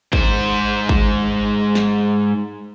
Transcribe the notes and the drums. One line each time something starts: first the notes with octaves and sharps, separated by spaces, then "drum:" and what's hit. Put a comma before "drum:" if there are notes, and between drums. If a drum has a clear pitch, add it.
G#2 C5, drum: kick G#1
drum: kick G#1
drum: snare